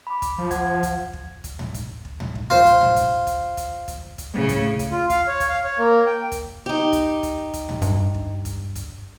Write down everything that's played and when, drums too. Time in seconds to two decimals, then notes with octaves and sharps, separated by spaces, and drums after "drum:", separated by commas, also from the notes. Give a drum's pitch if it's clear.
0.07 B5 D6
0.22 drum: kick, hi-hat
0.38 F3
0.51 F#5 G#6, drum: kick, hi-hat
0.83 drum: kick, hi-hat
1.13 drum: kick
1.44 drum: kick, hi-hat
1.59 drum: tom
1.74 drum: kick, hi-hat
2.05 drum: kick
2.20 drum: tom
2.35 drum: kick
2.50 F4 C5, drum: tom
2.66 drum: kick, hi-hat
2.81 drum: tom
2.96 drum: kick, hi-hat
3.27 drum: kick, hi-hat
3.57 drum: kick, hi-hat
3.88 drum: kick, hi-hat
4.18 drum: kick, hi-hat
4.35 A2 C#3
4.49 drum: kick, hi-hat
4.79 drum: kick, hi-hat
4.91 F4
5.10 F5, drum: kick, hi-hat
5.27 C#5
5.40 drum: kick, hi-hat
5.49 F5
5.64 C#5
5.78 A#3
6.06 G5
6.32 drum: kick, hi-hat
6.66 D#4 G4
6.93 drum: kick, hi-hat
7.23 drum: kick, hi-hat
7.53 drum: kick, hi-hat
7.69 drum: tom
7.82 G2, drum: kick, hi-hat
8.14 drum: kick
8.45 drum: kick, hi-hat
8.75 drum: kick, hi-hat